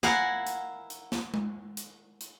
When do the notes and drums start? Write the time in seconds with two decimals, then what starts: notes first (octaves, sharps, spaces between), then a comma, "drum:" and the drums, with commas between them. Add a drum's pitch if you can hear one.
0.03 E4 A#4 F5 F#5 G#5, drum: snare
0.47 drum: hi-hat
0.90 drum: hi-hat
1.12 drum: snare
1.34 drum: tom G#3
1.77 drum: hi-hat
2.21 drum: hi-hat